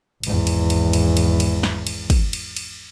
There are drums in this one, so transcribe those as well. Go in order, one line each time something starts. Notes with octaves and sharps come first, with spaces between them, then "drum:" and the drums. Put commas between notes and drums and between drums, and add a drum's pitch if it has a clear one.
G#1 E2, drum: cymbal
drum: cymbal
drum: cymbal
drum: cymbal
drum: cymbal
drum: cymbal
drum: snare
drum: cymbal
drum: kick, cymbal
drum: cymbal
drum: cymbal